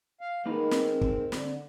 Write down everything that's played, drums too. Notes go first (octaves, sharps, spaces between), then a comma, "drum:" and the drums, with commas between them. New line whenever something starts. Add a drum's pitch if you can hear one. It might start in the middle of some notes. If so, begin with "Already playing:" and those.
F5
D#3 G#3 A#3 D#4 B4
C4, drum: snare
C4, drum: kick
D3, drum: snare